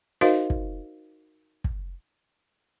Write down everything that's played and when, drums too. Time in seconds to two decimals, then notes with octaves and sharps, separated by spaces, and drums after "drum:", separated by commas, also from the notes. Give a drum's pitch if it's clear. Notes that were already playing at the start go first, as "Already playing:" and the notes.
0.21 D#4 F#4 A#4 C5 D#5 F5
0.50 drum: kick
1.64 drum: kick